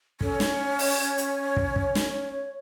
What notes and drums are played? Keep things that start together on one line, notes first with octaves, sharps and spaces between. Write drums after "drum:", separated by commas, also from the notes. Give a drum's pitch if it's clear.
C#4 A4, drum: kick
drum: snare
C#5
C#5, drum: open hi-hat
drum: hi-hat
drum: kick
drum: kick
drum: snare